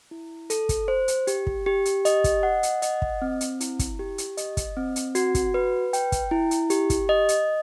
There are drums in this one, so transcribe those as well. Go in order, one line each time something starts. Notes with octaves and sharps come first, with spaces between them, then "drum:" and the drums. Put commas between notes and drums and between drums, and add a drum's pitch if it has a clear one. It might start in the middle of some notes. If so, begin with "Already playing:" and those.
E4
A4, drum: hi-hat
drum: kick, hi-hat
C5
drum: hi-hat
G4, drum: hi-hat
drum: kick
G4
drum: hi-hat
D#5, drum: hi-hat
drum: kick, hi-hat
F#5
drum: hi-hat
D#5, drum: hi-hat
drum: kick
C4
drum: hi-hat
E4, drum: hi-hat
drum: kick, hi-hat
G4
drum: hi-hat
D#5, drum: hi-hat
drum: kick, hi-hat
C4
drum: hi-hat
F#4, drum: hi-hat
drum: kick, hi-hat
B4
G5, drum: hi-hat
drum: kick, hi-hat
E4
drum: hi-hat
G4, drum: hi-hat
drum: kick, hi-hat
D#5
drum: hi-hat